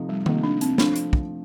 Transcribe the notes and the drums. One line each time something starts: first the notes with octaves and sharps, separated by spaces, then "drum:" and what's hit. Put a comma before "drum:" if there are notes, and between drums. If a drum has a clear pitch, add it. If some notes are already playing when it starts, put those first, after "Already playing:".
Already playing: C3 F3 A3 D#4
G3
C3 F3 A3 A#3 D#4, drum: tom D#3
D4
C4, drum: hi-hat
F3 A3 C4 D4, drum: snare
drum: hi-hat
drum: kick